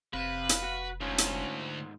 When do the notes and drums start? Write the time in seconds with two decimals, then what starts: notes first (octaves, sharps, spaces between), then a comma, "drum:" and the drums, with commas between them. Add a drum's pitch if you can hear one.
0.14 F1 C3 B4 F5
0.49 drum: hi-hat
0.62 F#4 F#5
1.01 D2 G#2 C#4 F4
1.18 drum: hi-hat